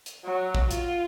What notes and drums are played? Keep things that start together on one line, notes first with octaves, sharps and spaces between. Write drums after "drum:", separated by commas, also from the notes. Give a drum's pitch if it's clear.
drum: hi-hat
F#3
drum: kick
F4, drum: hi-hat